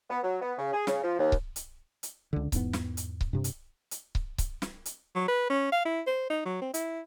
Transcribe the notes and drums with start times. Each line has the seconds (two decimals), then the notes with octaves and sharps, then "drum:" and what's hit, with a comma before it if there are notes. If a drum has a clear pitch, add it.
0.10 B3
0.23 F#3
0.42 B3
0.58 C#3
0.73 G#4
0.87 C#3, drum: snare
1.03 F3
1.19 D#2
1.32 drum: kick C#1
1.56 drum: hi-hat
2.03 drum: hi-hat
2.33 C#2 D3
2.52 E2 G#2 B3, drum: kick C#1, hi-hat
2.73 drum: snare
2.97 drum: hi-hat
3.21 drum: kick C#1
3.33 G2 C3
3.44 drum: hi-hat
3.91 drum: hi-hat
4.15 drum: kick C#1
4.38 drum: kick C#1, hi-hat
4.62 drum: snare
4.85 drum: hi-hat
5.16 F#3
5.28 B4
5.50 C#4
5.72 F5
5.85 E4
6.07 C5
6.30 D#4
6.45 F#3
6.62 C4
6.74 E4, drum: hi-hat